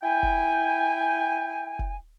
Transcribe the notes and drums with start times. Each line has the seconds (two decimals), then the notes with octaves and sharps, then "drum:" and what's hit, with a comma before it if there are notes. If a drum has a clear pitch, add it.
0.03 E4 G5 G#5
0.23 drum: kick
1.79 drum: kick